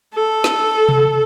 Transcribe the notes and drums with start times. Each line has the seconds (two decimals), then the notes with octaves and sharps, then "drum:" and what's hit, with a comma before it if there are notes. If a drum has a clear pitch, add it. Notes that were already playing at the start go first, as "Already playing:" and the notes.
0.14 A4
0.44 drum: snare
0.89 drum: tom C3